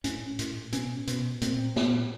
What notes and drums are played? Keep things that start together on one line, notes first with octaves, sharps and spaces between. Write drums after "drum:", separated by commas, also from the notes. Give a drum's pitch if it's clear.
A2 C#4, drum: hi-hat
A2, drum: hi-hat
B2 C#4, drum: hi-hat
B2, drum: hi-hat
A#2 C4, drum: hi-hat
A#2, drum: snare